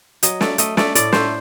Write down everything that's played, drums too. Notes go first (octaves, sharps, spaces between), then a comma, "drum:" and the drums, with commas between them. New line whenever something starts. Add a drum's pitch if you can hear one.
F#3 D#5, drum: hi-hat
A3 D5, drum: snare
A3 D#5, drum: hi-hat
A3 D5, drum: snare
A2 D5, drum: hi-hat
A3 C5, drum: snare